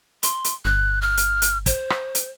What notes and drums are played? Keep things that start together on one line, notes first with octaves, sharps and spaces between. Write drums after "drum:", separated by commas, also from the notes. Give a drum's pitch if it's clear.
C6, drum: hi-hat
drum: hi-hat
G1 F#6
F6
drum: hi-hat
drum: hi-hat
C5, drum: kick, hi-hat
drum: rim click
drum: hi-hat